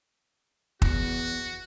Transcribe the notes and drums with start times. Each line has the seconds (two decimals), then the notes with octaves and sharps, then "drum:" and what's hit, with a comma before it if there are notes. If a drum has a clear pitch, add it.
0.82 E2 F#4, drum: kick